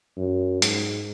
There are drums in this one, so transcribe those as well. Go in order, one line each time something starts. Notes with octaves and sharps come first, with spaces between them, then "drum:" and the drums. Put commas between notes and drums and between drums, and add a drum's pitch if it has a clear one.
F#2
G#2, drum: hi-hat